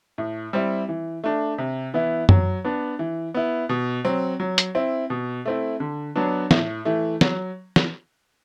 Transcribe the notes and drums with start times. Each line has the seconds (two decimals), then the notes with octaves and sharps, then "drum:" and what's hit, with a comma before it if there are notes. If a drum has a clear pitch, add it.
0.18 A2
0.53 G3 C4 E4
0.89 E3
1.24 A3 D4
1.58 C3
1.94 E3 B3 E4
2.29 F#3, drum: tom
2.64 B3 D4
2.99 E3
3.34 B3 E4
3.69 B2
4.05 F#3 C4
4.40 F#3
4.58 drum: hi-hat
4.75 C4 E4
5.10 B2
5.46 A3 C4 E4
5.80 D3
6.16 F#3 B3 D4
6.51 A2, drum: snare
6.85 E3 A3
7.21 F#3, drum: snare
7.76 drum: snare